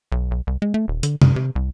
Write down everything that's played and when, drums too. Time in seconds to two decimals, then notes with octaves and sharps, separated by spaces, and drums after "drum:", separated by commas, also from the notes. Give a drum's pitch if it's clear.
0.12 B1
0.31 B1
0.47 C2
0.62 G#3
0.74 A3
0.88 D#1
1.03 D3, drum: hi-hat
1.22 F#2, drum: tom C3
1.36 C3
1.56 C2